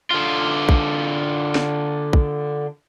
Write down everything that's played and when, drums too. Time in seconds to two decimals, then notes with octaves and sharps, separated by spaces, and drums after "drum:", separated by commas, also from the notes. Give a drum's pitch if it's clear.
0.11 D3 F4
0.69 drum: kick
1.55 drum: snare
2.13 drum: kick